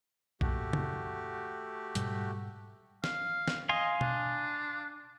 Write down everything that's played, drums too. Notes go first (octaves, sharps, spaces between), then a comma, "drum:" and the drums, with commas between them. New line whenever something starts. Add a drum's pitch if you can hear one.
F#2 A#2 A3 F#4 G4, drum: kick A#1
drum: tom C#3
G#2 B2 G3, drum: hi-hat
F5, drum: snare
drum: snare
D#5 F5 G#5 C6
D4, drum: tom B2